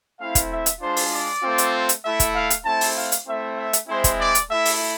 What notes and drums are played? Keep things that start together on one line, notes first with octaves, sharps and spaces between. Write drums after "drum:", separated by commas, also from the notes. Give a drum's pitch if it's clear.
A3 C4 E4 F5
drum: kick, hi-hat
E5
drum: hi-hat
G#3 D4 F4 C5
drum: open hi-hat
D5
A3 C4 F4
drum: hi-hat
drum: hi-hat
A3 E4 E5
drum: kick, hi-hat
F5
drum: hi-hat
A3 C4 E4 A5
drum: open hi-hat
F5
drum: hi-hat
A3 C4 E4 E5
E5
drum: hi-hat
G#3 C4 E4 C5
drum: kick, hi-hat
D5
drum: hi-hat
A3 E4 E5
drum: open hi-hat